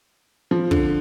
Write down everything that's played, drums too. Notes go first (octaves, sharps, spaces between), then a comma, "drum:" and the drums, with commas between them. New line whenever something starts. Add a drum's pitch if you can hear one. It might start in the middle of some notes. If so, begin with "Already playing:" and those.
F3
D3, drum: kick